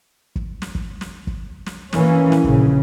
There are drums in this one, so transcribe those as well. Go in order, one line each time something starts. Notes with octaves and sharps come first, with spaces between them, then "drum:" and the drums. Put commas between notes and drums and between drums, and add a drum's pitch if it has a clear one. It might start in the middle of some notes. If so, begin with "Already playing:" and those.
drum: kick
drum: snare
drum: kick
drum: snare
drum: kick
drum: snare
E3 A#3 C#4, drum: snare
drum: snare
A#1 C#3, drum: kick